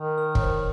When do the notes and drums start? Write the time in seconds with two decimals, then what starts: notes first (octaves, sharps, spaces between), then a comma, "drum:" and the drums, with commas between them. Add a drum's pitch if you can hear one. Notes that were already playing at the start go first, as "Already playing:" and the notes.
Already playing: D#3 A#4
0.18 A#4
0.35 C#5, drum: kick
0.42 C5